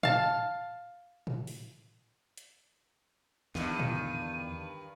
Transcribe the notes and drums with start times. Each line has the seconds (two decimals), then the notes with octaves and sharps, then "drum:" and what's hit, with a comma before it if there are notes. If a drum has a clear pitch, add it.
0.03 F5 A5, drum: tom A2
1.27 drum: tom A2
1.47 drum: open hi-hat
2.38 drum: hi-hat
3.55 E2 G2 D3 D#3 D#7, drum: snare
3.79 drum: tom A2